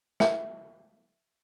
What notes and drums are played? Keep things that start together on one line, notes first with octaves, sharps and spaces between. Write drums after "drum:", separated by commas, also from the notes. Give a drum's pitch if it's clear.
E5, drum: snare